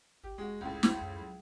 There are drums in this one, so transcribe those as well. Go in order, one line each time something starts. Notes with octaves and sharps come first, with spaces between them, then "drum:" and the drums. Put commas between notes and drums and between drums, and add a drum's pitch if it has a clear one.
G1 G4
F1 G#3 F#4
C#2 A2
drum: snare
F#2
F#3